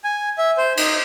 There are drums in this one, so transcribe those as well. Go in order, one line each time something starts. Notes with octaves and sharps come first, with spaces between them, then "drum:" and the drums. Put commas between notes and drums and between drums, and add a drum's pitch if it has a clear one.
G#5
E5
C5
D#4, drum: cymbal